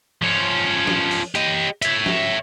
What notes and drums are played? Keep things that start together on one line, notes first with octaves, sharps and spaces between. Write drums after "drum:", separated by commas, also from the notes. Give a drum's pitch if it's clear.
F3 C#4
drum: snare
drum: open hi-hat
G4 D#5, drum: hi-hat
C#5 E5, drum: hi-hat
drum: snare